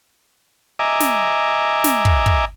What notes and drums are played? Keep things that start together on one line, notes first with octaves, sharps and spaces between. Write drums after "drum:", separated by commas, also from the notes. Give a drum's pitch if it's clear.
D#5 E5 G#5 A#5 D6
drum: snare
drum: snare
drum: kick
drum: kick